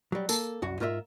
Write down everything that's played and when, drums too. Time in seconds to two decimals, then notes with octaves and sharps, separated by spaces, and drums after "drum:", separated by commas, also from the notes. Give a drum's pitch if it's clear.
0.12 F#3 G3
0.29 A#3 A4, drum: tambourine
0.62 C2 F#2 F#4
0.80 G#2 F4 A#4 C5 E5